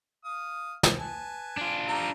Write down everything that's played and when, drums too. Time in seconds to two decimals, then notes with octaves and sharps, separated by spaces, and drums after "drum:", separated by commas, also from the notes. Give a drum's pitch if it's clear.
0.25 F5 D#6
0.83 drum: snare
0.99 B4 G#5 A5
1.57 D4 F4
1.88 G3 A#5 E6